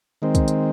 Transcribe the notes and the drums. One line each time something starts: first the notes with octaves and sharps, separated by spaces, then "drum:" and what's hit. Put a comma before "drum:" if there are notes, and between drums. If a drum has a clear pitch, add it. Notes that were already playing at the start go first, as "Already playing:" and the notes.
D#3 G#3 C4
drum: kick, hi-hat
drum: hi-hat